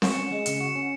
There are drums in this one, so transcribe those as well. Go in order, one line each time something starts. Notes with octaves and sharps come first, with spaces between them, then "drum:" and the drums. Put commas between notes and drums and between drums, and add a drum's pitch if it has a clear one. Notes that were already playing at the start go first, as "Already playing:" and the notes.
F#4 E7, drum: snare C4
C#7
C#4 E7
G#3
C#3 C#7, drum: hi-hat
E7
F#4 C#7
C#4